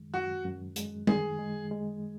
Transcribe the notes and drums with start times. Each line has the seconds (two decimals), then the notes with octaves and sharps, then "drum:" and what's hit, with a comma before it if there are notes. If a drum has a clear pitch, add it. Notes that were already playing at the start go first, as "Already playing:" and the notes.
Already playing: F#2 D#3 G#3
0.13 F#2 F#4
0.45 F#2
0.76 G#3, drum: hi-hat
1.07 D#3 G#4, drum: tom G3
1.39 G#3
1.71 G#3